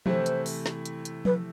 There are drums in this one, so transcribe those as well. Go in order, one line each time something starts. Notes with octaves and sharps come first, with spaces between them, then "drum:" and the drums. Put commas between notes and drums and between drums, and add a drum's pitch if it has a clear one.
C3 E3 A3 E4 C5, drum: tom F3
drum: hi-hat
drum: open hi-hat
drum: snare
drum: hi-hat
drum: hi-hat
B4, drum: tom F3